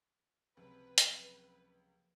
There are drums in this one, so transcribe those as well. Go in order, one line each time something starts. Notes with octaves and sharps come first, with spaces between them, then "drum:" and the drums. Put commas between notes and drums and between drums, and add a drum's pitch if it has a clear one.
C#2 C3 F3 F#3 A#3 B4
drum: hi-hat